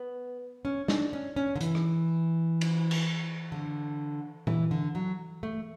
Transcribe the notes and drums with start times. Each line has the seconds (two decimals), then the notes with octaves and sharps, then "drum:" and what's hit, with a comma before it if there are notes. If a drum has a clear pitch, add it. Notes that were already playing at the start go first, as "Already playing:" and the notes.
Already playing: B3
0.65 C#4
0.88 D4, drum: snare
1.13 C#4
1.36 C#4
1.56 D3
1.61 E3, drum: hi-hat
1.75 drum: rim click
2.61 drum: cymbal
2.91 drum: cymbal
3.52 D3
4.47 E3, drum: tom A#2
4.71 D3
4.95 F#3
5.43 A3